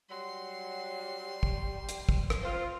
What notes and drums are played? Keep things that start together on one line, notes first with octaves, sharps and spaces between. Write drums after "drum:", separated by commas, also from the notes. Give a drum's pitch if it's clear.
F#3 G3 C6
drum: kick
drum: hi-hat
drum: kick
drum: rim click
C4 F4